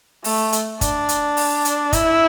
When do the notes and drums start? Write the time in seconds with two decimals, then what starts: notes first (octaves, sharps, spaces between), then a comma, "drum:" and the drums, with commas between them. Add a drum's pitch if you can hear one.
0.24 A3, drum: open hi-hat
0.52 drum: hi-hat
0.81 D4, drum: kick, hi-hat
1.09 drum: hi-hat
1.37 drum: open hi-hat
1.65 drum: hi-hat
1.93 E4, drum: kick, hi-hat